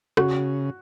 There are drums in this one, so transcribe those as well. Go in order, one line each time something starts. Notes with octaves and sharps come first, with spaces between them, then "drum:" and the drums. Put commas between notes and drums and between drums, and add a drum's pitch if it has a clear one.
C#3 F#4, drum: rim click